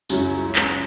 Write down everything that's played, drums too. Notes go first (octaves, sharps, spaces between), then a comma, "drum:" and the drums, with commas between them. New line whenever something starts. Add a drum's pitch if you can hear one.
C#2 F#2 F#3 C#4 E4 F#4, drum: tambourine
drum: clap